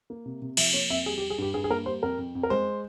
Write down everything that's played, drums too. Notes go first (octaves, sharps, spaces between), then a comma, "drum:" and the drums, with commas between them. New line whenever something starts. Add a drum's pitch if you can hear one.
A#3
C3
C3
F3 E5, drum: cymbal
A#3 C#5
F2 E5
G3 G#4
G4
G3
G#4
G2 G4
G2 G#4
G#4
A#3 A#4
G3 C5
F2 A#4
F2
F2
A#4
G#3 C5